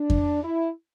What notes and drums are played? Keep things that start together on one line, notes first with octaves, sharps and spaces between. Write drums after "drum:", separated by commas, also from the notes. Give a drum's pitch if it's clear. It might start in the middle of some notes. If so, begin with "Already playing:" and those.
Already playing: D4
drum: kick F2
E4